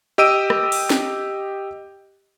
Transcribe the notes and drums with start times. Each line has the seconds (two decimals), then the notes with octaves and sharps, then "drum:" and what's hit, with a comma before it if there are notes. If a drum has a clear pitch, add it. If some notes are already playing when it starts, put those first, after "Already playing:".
0.18 G4 D#5 E6 D7 D#7
0.50 drum: rim click
0.72 drum: open hi-hat
0.90 drum: snare